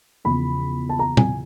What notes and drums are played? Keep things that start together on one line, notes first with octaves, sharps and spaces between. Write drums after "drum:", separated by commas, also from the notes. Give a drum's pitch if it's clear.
E2 C#3 F3 B5
A5
A#5
G#5, drum: tom A#2